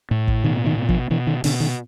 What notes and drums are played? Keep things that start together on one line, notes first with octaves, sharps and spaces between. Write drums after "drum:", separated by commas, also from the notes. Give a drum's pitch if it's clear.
A2
drum: kick
B2 D#3
D#3
B2
F3, drum: kick
B2 E3
D#3
B2 D3, drum: open hi-hat
D#3